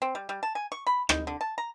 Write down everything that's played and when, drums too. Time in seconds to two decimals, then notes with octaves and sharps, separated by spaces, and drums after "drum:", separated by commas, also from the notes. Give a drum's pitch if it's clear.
0.02 C4
0.15 G3
0.29 G3
0.43 A5
0.55 G#5
0.72 C#6
0.87 B5
1.09 D#4, drum: rim click
1.27 D3
1.41 A5
1.58 A#5